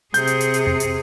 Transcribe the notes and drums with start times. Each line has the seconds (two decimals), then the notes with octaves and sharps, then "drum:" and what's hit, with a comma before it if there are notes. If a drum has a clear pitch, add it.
0.14 C3 G#4 G6, drum: hi-hat
0.27 drum: hi-hat
0.40 drum: hi-hat
0.54 drum: hi-hat
0.67 drum: tom E2
0.80 drum: hi-hat